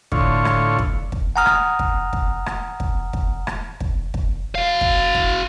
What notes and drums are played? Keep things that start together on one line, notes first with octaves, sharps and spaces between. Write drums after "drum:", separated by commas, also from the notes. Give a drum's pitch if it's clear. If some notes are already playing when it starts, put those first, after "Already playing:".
A2 D3 F4 C#5, drum: kick
drum: rim click
drum: kick
drum: kick
F#5 G#5 A#5 D#6 F6
drum: rim click
drum: kick
drum: kick
drum: rim click
drum: kick
drum: kick
drum: rim click
drum: kick
drum: kick
F#4 F5
drum: kick
drum: kick